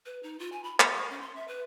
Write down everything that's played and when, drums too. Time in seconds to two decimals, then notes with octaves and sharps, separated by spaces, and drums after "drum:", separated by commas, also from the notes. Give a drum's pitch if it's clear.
0.06 B4
0.23 D#4
0.39 F4
0.52 G#5
0.64 B5
0.80 E5, drum: clap
0.96 C#6
1.10 C#4
1.22 C6
1.36 E5
1.48 B4